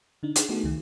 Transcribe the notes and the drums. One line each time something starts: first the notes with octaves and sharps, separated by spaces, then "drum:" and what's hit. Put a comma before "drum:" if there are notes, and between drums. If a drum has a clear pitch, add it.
D3 D4 D#4
D4 G#4, drum: hi-hat
A3 B3 D#4 F#4 G#4 A4
C#2 D#3